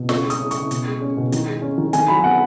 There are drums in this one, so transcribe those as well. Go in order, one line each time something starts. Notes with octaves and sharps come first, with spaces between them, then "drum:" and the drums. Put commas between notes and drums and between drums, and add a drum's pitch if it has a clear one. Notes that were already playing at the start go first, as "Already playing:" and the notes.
Already playing: B2
C#3 C#6, drum: snare
G#3
D#6, drum: hi-hat
C#4
C#3 C#6, drum: hi-hat
B2, drum: hi-hat
G#3
C#4
B2
D#3, drum: hi-hat
G#3
C#4
D#3
D#3 G#5, drum: hi-hat
F#3 B5
B3 F#5